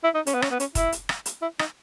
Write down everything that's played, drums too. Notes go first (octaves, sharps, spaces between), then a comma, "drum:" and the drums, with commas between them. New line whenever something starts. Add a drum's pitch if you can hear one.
E4
D#4
C#4, drum: hi-hat
B3
C#4, drum: rim click
B3
C#4, drum: hi-hat
E4, drum: kick, hi-hat
drum: hi-hat
drum: rim click
drum: hi-hat
E4
D#4, drum: rim click